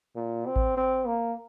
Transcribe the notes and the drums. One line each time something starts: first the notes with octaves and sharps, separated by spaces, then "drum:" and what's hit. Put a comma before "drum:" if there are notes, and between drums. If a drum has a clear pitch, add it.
A#2
C4
drum: kick A1
C4
A#3